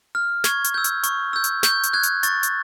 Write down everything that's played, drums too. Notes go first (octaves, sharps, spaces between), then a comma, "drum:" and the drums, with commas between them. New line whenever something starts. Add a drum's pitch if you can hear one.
F6
C#6 G#6, drum: snare
drum: hi-hat
E6 G6
drum: hi-hat
C#6, drum: hi-hat
E6 G6
drum: hi-hat
C#6 G6, drum: snare
drum: hi-hat
F#6 G#6
drum: hi-hat
C#6 A6, drum: hi-hat
drum: hi-hat